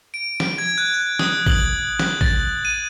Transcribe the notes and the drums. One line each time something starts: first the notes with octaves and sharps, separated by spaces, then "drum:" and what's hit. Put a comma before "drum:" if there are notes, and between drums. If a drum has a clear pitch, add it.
D7
drum: snare
G#6
F#6
F#6
D#6, drum: snare
F#7, drum: kick A1
F#6, drum: snare
A6, drum: kick A1
D#7